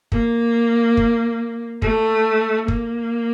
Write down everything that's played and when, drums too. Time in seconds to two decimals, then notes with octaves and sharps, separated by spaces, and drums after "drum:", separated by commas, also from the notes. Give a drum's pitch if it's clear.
0.12 A#3, drum: kick
0.97 drum: kick
1.82 A3, drum: kick
2.68 A#3, drum: kick